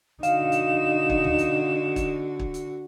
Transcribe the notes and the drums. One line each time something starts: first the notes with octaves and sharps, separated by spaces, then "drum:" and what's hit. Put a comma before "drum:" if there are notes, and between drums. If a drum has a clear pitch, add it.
D3 D#4 F#4 F5 E7, drum: hi-hat
drum: hi-hat
drum: kick
drum: tom
drum: hi-hat
drum: kick, hi-hat
drum: kick
drum: hi-hat